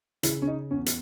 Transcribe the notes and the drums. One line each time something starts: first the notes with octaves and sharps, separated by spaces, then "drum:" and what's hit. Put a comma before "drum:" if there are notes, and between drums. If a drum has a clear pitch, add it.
C#3 E4, drum: hi-hat
C#4
D#4
E2 C#4
drum: hi-hat